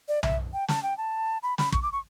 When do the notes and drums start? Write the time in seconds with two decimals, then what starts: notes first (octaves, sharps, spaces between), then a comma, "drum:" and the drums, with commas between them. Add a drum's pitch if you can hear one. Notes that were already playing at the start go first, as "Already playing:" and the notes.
0.08 D5
0.23 E5, drum: tom B1
0.53 G5
0.68 A5, drum: snare
0.83 G5
0.98 A5
1.43 B5
1.58 B5, drum: snare
1.72 C#6, drum: kick
1.83 D6
1.92 C#6